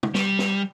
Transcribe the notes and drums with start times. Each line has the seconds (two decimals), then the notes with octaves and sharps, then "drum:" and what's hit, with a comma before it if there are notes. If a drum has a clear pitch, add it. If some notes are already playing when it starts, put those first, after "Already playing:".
0.03 drum: tom
0.14 G3, drum: snare
0.39 drum: snare